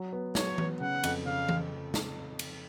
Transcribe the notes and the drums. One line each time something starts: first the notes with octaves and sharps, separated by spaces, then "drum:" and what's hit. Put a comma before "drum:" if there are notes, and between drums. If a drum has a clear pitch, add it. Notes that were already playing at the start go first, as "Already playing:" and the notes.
Already playing: F#3
B3
F#3 C#5, drum: snare
B3, drum: tom E3
C#3 F#5
F2, drum: cymbal
C#3 F5
drum: tom E3
drum: snare
drum: cymbal